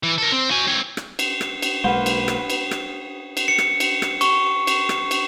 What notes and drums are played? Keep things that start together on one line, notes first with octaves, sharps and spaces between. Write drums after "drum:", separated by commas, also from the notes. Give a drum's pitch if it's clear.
E3
A4 A#4
C4
F#4 G#5
C4 C#5
drum: rim click
drum: cymbal
drum: rim click
drum: cymbal
B1 G#3 A#3 B4 C5 F#5
drum: cymbal
drum: rim click
drum: cymbal
drum: rim click
drum: cymbal
C#7
drum: rim click
drum: cymbal
drum: rim click
C#6, drum: cymbal
drum: cymbal
drum: rim click
drum: cymbal